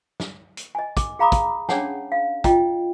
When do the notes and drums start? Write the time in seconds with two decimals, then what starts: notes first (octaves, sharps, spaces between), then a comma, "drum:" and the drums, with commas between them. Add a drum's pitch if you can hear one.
0.20 drum: snare
0.57 drum: hi-hat
0.75 D#5 G#5
0.97 D6, drum: kick, hi-hat
1.19 G#4 F5 A#5 B5 D6 D#6
1.32 drum: kick, hi-hat
1.69 C#4 D4 G#4 C#5 F#5 A5, drum: snare
2.12 F5
2.44 F4 D#5 G5, drum: kick, hi-hat